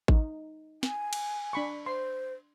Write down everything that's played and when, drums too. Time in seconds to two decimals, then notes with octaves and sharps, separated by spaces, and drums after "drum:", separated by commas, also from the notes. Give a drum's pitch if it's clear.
0.08 D#4, drum: kick A1
0.83 G#5, drum: snare
1.13 drum: cymbal
1.53 D4 B5 C#6
1.86 C5 C6